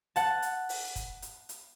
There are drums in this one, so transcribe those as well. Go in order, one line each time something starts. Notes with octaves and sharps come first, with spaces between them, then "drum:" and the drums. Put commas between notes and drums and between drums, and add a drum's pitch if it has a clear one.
F#5 A5, drum: hi-hat
drum: hi-hat
drum: open hi-hat
drum: kick, hi-hat
drum: hi-hat
drum: hi-hat